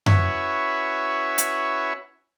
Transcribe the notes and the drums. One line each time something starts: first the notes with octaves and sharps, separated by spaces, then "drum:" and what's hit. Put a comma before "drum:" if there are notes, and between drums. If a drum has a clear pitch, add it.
C#4 E4 F#4 B4 C#5 E5, drum: tom F#2
drum: hi-hat